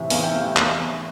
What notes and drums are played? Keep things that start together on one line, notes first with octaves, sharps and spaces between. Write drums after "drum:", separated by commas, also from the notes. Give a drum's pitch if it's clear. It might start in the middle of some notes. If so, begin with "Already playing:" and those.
Already playing: A2 C3 E3 E5
E2 F5, drum: open hi-hat
G5
E2 F5
E2, drum: clap
E2